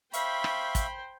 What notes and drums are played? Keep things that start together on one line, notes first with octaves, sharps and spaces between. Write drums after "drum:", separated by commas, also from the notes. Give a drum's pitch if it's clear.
C5 E5 F5 G5 B5 C#6, drum: hi-hat
drum: rim click
drum: kick, hi-hat